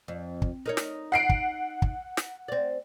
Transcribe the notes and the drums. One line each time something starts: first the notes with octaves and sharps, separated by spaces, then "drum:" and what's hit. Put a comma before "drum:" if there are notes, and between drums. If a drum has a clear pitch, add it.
F2
drum: kick
D#4 A#4 C#5
drum: snare
F#5 C7 D7
drum: kick
drum: kick
drum: snare
C4 D5